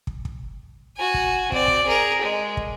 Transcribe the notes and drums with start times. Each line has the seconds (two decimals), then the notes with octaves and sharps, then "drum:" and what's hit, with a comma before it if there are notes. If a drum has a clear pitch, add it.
0.07 drum: kick
0.25 drum: kick
0.97 F#4 G#5
1.14 drum: kick
1.52 C4 D5, drum: kick
1.68 drum: kick
1.87 G#4 A#4
2.21 G#3
2.57 drum: kick